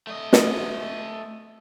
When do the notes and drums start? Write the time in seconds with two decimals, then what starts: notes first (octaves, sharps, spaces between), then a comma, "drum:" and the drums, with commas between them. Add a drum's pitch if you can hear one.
0.07 A3 D#5
0.33 drum: snare